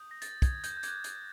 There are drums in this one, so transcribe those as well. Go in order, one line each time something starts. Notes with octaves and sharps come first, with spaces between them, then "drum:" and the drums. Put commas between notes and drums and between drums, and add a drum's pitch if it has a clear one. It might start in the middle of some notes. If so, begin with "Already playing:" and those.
Already playing: D#6 G6
A#6
A6, drum: hi-hat
G#6, drum: kick, hi-hat
G6, drum: hi-hat
G6
D6 F#6 G#6, drum: hi-hat
drum: hi-hat